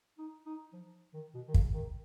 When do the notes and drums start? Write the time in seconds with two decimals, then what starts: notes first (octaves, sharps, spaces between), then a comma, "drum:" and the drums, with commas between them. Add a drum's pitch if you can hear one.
0.18 D#4
0.46 D#4
0.73 F3
1.14 D#3
1.34 B2
1.48 D#3
1.54 C#3, drum: kick
1.74 D#3